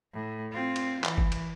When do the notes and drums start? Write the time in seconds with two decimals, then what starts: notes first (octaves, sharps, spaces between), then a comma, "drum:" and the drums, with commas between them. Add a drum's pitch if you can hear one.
0.14 A2
0.53 C4 F4
0.76 drum: cymbal
1.04 E3, drum: clap
1.18 drum: kick G1
1.32 drum: cymbal